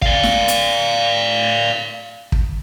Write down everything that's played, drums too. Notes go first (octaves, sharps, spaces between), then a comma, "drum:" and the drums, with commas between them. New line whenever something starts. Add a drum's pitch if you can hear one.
D5 F5, drum: kick
drum: snare
drum: hi-hat
drum: kick